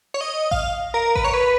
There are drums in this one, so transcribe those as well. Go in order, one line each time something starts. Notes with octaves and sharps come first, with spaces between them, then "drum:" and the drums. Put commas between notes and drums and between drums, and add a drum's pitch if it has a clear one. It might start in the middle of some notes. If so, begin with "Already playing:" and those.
C#5
D#5
F5, drum: kick A1
A#4
B4, drum: kick A1
C#5
B4